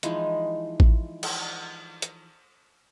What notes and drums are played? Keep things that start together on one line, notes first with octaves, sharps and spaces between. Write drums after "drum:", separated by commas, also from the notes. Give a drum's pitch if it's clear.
E3 F3 G#3 D#4, drum: hi-hat
drum: kick A1
drum: cymbal
drum: hi-hat